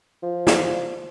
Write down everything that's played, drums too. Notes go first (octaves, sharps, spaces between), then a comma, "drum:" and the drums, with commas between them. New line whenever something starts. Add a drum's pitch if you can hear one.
F3
drum: snare